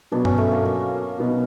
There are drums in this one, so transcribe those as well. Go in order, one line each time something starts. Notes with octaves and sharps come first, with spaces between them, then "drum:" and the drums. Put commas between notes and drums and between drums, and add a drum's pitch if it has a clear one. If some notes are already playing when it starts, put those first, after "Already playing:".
B2 F#3 B3 D4
C#4, drum: tom G2
A3
A#3
A#3
B2 F#3 B3 D#4